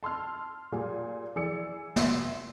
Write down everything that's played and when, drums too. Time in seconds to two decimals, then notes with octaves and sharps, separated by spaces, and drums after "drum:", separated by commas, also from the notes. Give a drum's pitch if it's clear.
0.03 A5 C6 E6 F6
0.72 A#2 G3 F4 G#4
1.36 E3 G#4 D5 E6 C#7
1.96 E5 C6, drum: snare